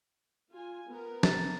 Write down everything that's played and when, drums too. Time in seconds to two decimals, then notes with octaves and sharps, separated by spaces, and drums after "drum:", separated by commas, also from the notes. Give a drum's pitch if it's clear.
0.52 F4 G#5
0.89 B3 A#4
1.23 A#5 A6, drum: snare